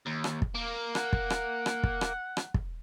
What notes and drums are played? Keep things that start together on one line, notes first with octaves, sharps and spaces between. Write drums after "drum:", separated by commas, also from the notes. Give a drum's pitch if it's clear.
D#2
drum: rim click
drum: kick
A#3
F#5, drum: rim click
drum: kick
drum: rim click
drum: rim click
drum: kick
drum: rim click
drum: rim click
drum: kick